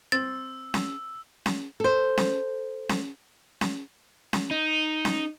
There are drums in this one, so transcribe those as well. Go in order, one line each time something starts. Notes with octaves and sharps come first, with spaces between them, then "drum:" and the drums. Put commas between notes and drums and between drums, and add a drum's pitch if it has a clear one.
C4 E6 A6
drum: snare C#4
drum: snare C#4
A4 C5
drum: snare C#4
drum: snare C#4
drum: snare C#4
drum: snare C#4
D#4
drum: snare C#4